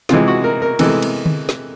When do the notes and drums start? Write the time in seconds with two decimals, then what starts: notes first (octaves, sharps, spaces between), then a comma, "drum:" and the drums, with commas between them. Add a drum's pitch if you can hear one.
0.09 C3 E3 G#3 F4, drum: snare
0.28 F#4
0.44 A#4
0.62 A#4
0.79 C3 E3 G#3 A4, drum: cymbal
1.02 drum: cymbal
1.26 drum: tom D3
1.49 drum: snare